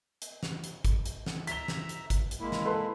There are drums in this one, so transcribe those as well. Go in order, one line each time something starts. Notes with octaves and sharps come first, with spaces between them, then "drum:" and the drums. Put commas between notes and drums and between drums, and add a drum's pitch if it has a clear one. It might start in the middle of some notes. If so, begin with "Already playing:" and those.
drum: hi-hat
drum: snare
drum: hi-hat
drum: kick G#1, hi-hat
drum: hi-hat
drum: snare
E5 A#5 B6 G7, drum: hi-hat
drum: snare
drum: hi-hat
drum: kick G#1, hi-hat
drum: hi-hat
G#3 A#3 E4
drum: snare
A4 B4 C6